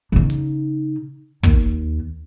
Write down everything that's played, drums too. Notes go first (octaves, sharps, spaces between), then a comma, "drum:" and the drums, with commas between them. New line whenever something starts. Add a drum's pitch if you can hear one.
C#3 D#4
drum: hi-hat
D#2, drum: kick